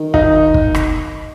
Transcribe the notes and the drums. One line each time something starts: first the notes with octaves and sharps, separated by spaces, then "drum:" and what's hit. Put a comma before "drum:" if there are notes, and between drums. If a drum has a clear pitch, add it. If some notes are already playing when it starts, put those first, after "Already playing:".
Already playing: D#3
D#4, drum: kick
drum: kick
drum: rim click